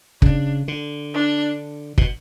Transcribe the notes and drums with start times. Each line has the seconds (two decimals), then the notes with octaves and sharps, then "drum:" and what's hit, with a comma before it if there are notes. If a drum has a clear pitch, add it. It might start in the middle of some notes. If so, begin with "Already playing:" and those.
0.22 C#3 D4, drum: kick
0.68 D3
1.14 D4
1.98 B2, drum: kick